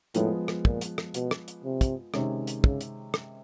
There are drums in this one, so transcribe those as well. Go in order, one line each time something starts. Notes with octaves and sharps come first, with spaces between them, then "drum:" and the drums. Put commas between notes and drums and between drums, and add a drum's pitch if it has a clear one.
A2 F3 G#3 B3, drum: hi-hat
drum: rim click
A#2, drum: kick
drum: hi-hat
drum: rim click
B2, drum: hi-hat
drum: rim click
drum: hi-hat
C3
drum: kick, hi-hat
C3 D#3 G#3 C#4, drum: rim click
drum: hi-hat
C#3, drum: kick
drum: hi-hat
drum: rim click